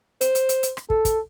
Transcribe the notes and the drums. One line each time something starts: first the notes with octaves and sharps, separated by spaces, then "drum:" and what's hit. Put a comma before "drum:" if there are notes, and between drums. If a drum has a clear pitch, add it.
C5, drum: hi-hat
drum: hi-hat
drum: hi-hat
drum: hi-hat
drum: rim click
A4, drum: kick
drum: kick, hi-hat